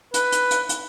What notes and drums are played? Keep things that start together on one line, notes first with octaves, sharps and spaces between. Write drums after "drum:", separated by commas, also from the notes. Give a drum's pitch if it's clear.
B4, drum: hi-hat
drum: hi-hat
drum: hi-hat
drum: hi-hat